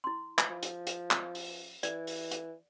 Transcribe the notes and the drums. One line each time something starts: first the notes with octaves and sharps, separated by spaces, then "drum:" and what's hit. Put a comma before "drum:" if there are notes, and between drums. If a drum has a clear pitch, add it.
E4 C6
drum: clap
F3
drum: hi-hat
drum: hi-hat
drum: clap
drum: open hi-hat
E3 D5, drum: hi-hat
drum: open hi-hat
drum: hi-hat